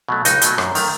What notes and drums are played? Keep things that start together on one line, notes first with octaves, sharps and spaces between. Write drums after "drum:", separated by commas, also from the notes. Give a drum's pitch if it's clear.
B2 F#3 A3
C#2 D#4 F#4, drum: hi-hat
B2 F#3 A3, drum: hi-hat
F#2, drum: rim click
D#3 A3, drum: open hi-hat